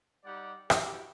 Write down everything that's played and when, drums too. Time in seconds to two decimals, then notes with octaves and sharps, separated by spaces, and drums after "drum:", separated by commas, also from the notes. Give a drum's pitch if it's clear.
0.25 G3 D#4 G4 D5 F#5
0.70 E4 F#4 G4, drum: rim click